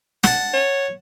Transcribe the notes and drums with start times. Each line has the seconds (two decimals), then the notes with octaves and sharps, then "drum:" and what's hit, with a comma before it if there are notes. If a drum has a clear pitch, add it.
0.24 F#5 A5, drum: snare
0.53 C#5